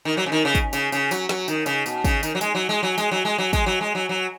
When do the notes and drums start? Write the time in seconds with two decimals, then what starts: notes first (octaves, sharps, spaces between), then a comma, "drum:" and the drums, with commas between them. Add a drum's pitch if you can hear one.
0.05 D#3
0.17 F#3
0.26 C#3
0.32 D#3
0.45 C#3
0.55 drum: kick, tambourine
0.73 C#3, drum: tambourine
0.92 C#3, drum: tambourine
1.11 F#3, drum: tambourine
1.29 F#3, drum: snare
1.48 D#3, drum: tambourine
1.66 C#3, drum: tambourine
1.86 B2, drum: tambourine
2.04 C#3, drum: kick, tambourine
2.23 D#3, drum: tambourine
2.35 F#3
2.41 G#3, drum: tambourine
2.55 F#3
2.69 G#3
2.83 F#3
2.98 G#3, drum: tambourine
3.11 F#3
3.25 G#3
3.38 F#3
3.53 G#3, drum: kick, tambourine
3.66 F#3
3.81 G#3
3.95 F#3
4.09 F#3